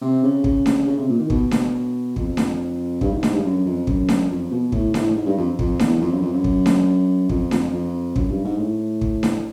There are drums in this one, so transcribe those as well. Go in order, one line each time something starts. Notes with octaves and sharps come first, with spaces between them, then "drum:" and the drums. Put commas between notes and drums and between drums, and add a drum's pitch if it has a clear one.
C3
C#3
C#3, drum: kick
drum: snare D4
C#3
C3
A#2
D#3
B2, drum: kick
drum: snare D4
F2, drum: kick
drum: snare D4
G2, drum: kick
G#2
G#2, drum: snare D4
G2
F#2
F2
F#2, drum: kick
drum: snare D4
F2
B2
A2, drum: kick
A2, drum: snare D4
G#2
G2
F2
F2, drum: kick
E2, drum: snare D4
F2
F#2
F2
F#2
drum: kick
drum: snare D4
F2, drum: kick
F2, drum: snare D4
F2
F#2, drum: kick
G2
G#2
A2
drum: kick
drum: snare D4